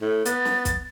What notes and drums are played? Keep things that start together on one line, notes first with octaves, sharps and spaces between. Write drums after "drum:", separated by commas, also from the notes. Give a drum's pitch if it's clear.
A2
B3 A6, drum: hi-hat
drum: snare
drum: kick, hi-hat